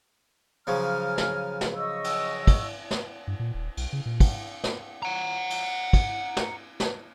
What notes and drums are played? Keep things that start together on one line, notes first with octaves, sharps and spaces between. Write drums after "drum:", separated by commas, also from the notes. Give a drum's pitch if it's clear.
C#3 F3 F#3 G#5 A#5 F6
drum: snare
drum: snare
D#5 C#6 E6
drum: cymbal
drum: kick, cymbal
drum: snare
G2
A#2
D#1
B1, drum: cymbal
C#3
A#2
drum: kick, cymbal
drum: snare
F#5 A#5
drum: cymbal
drum: kick, cymbal
drum: snare
drum: snare